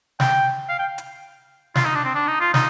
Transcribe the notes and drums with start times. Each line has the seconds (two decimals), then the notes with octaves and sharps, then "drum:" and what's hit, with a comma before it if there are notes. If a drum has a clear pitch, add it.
0.20 G5, drum: snare
0.69 F5
0.79 G5
0.98 drum: hi-hat
1.75 F4, drum: snare
1.85 D#4
1.95 D4
2.04 C4
2.15 D4
2.27 D#4
2.40 F4
2.54 D#4, drum: snare